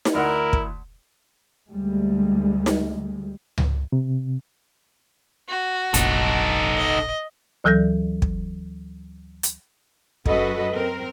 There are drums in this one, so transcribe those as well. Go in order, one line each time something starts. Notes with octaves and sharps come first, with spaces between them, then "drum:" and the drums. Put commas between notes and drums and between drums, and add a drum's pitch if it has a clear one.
drum: snare D#4
D2 E4 A#4 F#5
drum: kick
D2 G3 G#3
drum: snare D#4
drum: tom C#2
C3
F#4
F1 A#1 D#4 A4, drum: hi-hat
D#5
D2 E3 F#3 A4 G6 A#6
drum: kick
drum: hi-hat
F#2 F#4 A4 B4 D#5, drum: kick
C4 A#4